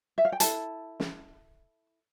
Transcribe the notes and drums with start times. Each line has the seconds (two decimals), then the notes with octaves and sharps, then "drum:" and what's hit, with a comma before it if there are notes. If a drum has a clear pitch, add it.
0.18 E5
0.25 F5
0.32 G5
0.40 E4 A4 A5, drum: hi-hat
1.00 drum: snare